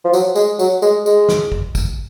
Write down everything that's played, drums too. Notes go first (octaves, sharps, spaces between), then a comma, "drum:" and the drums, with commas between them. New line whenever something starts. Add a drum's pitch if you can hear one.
F3
F#3, drum: tambourine
G#3, drum: tambourine
F#3, drum: tambourine
G#3, drum: tambourine
G#3, drum: tambourine
drum: snare
drum: kick
drum: kick, tambourine